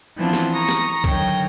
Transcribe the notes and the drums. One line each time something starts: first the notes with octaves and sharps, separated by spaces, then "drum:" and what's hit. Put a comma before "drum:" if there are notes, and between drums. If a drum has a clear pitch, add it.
E3 F3 B3 C4 D4 F4
drum: snare
A#5 C#6 D#6 A#6
drum: snare
D3 D#3 F#3 C#5 G5 A#6, drum: kick B1, cymbal